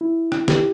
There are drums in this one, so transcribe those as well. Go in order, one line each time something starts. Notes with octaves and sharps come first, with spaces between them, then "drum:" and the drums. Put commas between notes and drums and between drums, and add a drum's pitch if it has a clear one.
E4
drum: rim click
G4, drum: snare